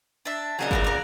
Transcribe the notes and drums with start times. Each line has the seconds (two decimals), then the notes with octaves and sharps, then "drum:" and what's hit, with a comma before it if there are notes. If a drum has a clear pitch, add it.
0.25 D4 E5
0.59 A#2 C#3 F#3 G#4 D#5 F#5
0.71 E4 F4 A#4, drum: kick G1
0.84 A#4 D5